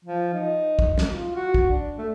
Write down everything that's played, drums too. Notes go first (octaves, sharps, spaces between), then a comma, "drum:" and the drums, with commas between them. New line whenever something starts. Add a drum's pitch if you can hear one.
F3
D#4
drum: kick
drum: snare
F4
F#4
drum: kick
D4
A3